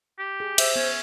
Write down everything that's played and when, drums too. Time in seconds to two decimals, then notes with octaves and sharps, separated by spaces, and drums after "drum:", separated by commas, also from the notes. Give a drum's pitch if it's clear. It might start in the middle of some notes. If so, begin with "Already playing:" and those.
0.19 G4
0.40 G#4
0.58 C5 E5, drum: cymbal
0.76 B3 C#4